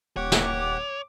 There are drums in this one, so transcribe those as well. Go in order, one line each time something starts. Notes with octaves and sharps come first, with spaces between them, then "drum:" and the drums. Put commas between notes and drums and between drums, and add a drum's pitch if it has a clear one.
D#1 G4 C#5 F#5 D6
drum: snare